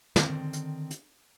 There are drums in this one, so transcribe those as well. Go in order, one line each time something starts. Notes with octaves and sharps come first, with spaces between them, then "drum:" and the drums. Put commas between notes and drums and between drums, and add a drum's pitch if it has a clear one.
D3 D#3 G3 C4, drum: snare
drum: hi-hat
drum: hi-hat